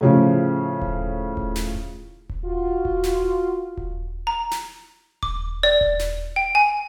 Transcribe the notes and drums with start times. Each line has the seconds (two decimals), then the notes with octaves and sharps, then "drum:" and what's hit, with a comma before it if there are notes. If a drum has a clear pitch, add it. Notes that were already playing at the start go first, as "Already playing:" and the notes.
0.01 A2 C#3 F3
0.82 drum: kick D#1
1.37 drum: kick D#1
1.55 drum: snare
2.29 drum: kick D#1
2.45 F4 F#4
2.85 drum: kick D#1
3.03 drum: snare
3.77 drum: kick D#1
4.27 A#5
4.51 drum: snare
5.23 D6, drum: kick D#1
5.63 D5
5.81 drum: kick D#1
5.99 drum: snare
6.36 G5
6.55 G#5